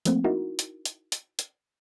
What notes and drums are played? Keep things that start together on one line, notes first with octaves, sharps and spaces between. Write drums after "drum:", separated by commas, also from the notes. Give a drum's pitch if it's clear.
F3 A3 A#3 C4, drum: hi-hat
D#4 E4 F#4 A#4
drum: hi-hat
drum: hi-hat
drum: hi-hat
drum: hi-hat